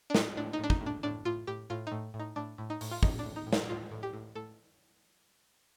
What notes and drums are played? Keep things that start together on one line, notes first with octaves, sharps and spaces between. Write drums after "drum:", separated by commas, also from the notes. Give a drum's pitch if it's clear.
D4
A2 D#4, drum: snare
A2 D4
D#4
A2 D4
D#4, drum: kick
A2
D4
A2 D4
A2 F4
A2 G4
A2 F4
A2 D#4
A2
D#4
A2 D4
A2
D#4
A2, drum: open hi-hat
F4
A2 D#4, drum: kick
D4
A2
D#4
A2
D#4, drum: snare
A2 F4
A2
G4
A2
A2 A4